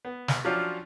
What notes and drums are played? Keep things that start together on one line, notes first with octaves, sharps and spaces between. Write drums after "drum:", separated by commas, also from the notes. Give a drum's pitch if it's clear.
B3
drum: snare
F3 F#3 C#4 D4 F4 G4